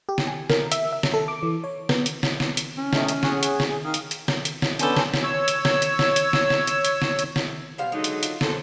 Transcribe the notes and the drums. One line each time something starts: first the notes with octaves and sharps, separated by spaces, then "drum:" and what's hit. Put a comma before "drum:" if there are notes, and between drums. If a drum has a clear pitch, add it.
G4
drum: snare
G#5
A#4, drum: snare
E5, drum: hi-hat
E5
drum: snare
A4
D6
E3
C#5
B3, drum: snare
drum: hi-hat
drum: snare
drum: snare
drum: hi-hat
C#4
C3 A3 D#4, drum: snare
drum: hi-hat
G#4 C#5 F#5, drum: snare
drum: hi-hat
drum: snare
G#4
D#3 F5 D#6
drum: hi-hat
drum: hi-hat
drum: snare
drum: hi-hat
drum: snare
B3 C#4 D4 A4 C5 G#5, drum: hi-hat
drum: snare
drum: snare
C#5 E6
drum: hi-hat
drum: snare
drum: hi-hat
drum: snare
drum: hi-hat
drum: snare
drum: snare
drum: hi-hat
drum: hi-hat
drum: snare
drum: hi-hat
drum: snare
B2 G3 C5 F5
D3 F#3 G#3 D#4
drum: hi-hat
F4, drum: hi-hat
F#2 A4 C5, drum: snare